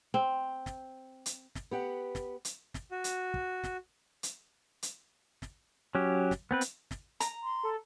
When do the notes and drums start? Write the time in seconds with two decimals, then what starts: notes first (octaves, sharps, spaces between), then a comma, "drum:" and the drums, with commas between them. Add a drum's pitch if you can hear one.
0.14 C4
0.66 drum: snare
1.26 drum: hi-hat
1.55 drum: snare
1.71 B3 G4 F#5
2.15 drum: snare
2.45 drum: hi-hat
2.74 drum: snare
2.91 F#4
3.04 drum: hi-hat
3.34 drum: kick
3.64 drum: snare
4.23 drum: hi-hat
4.83 drum: hi-hat
5.42 drum: snare
5.95 F#3 C#4 G4
6.31 drum: snare
6.51 B3 C4 B4
6.61 drum: hi-hat
6.91 drum: snare
7.20 A#5, drum: hi-hat
7.43 C6
7.63 A4